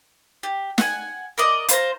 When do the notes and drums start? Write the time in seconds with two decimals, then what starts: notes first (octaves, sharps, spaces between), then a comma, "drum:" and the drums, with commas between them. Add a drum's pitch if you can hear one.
0.43 G4
0.78 F#5 G#5, drum: snare
1.38 A#4 D5 D#5
1.69 F4 C5 A#5, drum: hi-hat